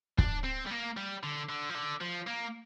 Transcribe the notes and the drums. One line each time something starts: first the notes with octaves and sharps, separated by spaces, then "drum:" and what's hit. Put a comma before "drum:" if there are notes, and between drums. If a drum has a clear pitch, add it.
D4, drum: kick
C4
G3
A#3
G3
D3
D3
F3
D3
F3
A#3